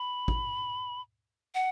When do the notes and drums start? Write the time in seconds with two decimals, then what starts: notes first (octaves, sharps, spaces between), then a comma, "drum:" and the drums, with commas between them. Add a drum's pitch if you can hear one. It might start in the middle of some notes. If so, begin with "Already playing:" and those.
Already playing: B5
0.28 drum: kick
1.55 F#5